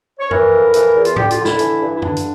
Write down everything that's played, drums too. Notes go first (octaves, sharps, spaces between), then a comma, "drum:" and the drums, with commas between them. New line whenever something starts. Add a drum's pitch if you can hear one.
C#5
E3 A#4, drum: tom F#2
F2
E3, drum: hi-hat
E2
F4, drum: hi-hat
D3 G4, drum: tom
F4, drum: hi-hat
D3
E4, drum: snare
E3, drum: hi-hat
G2
E4
D3 D4, drum: tom F#2
drum: hi-hat